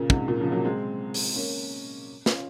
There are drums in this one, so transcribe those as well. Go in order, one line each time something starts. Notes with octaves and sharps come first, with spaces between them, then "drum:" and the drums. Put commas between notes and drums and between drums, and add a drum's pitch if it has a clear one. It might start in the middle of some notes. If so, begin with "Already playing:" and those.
Already playing: A#2 C#3
G#2 C3, drum: kick
A#2
C#3 F3
F#3 A#3
G#3 C4
drum: open hi-hat
A#3 C#4
C#4 F4, drum: snare